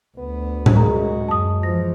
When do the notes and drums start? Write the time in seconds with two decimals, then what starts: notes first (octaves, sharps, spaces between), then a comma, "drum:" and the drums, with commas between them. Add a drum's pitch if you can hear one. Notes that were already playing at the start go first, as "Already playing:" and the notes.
0.18 D2 B3
0.66 drum: tom A2
0.76 G#3 F#4 A#4 A#5
1.28 F#2 A5 D#6
1.63 E3 F3 A#6